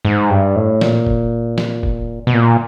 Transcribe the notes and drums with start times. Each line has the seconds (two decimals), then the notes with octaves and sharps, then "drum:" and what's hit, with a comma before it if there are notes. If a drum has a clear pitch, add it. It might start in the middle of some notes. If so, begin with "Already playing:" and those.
0.05 G#2
0.30 G2
0.56 A2
0.81 A#2, drum: snare
1.07 drum: kick
1.58 drum: snare
1.83 drum: kick
2.27 B2
2.34 A#2